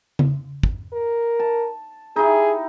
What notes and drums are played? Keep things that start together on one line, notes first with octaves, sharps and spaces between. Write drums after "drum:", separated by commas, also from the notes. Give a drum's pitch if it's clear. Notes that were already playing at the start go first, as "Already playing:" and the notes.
drum: tom C#3
drum: kick
A#4
A5
D#4 E4 G4 G#4